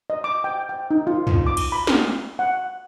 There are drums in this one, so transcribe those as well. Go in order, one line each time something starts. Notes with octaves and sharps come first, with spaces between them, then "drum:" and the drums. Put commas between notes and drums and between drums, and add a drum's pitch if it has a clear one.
D#5
D6
G5
G5
D#4
F4
drum: tom
D6
drum: cymbal
B5
drum: snare
F#5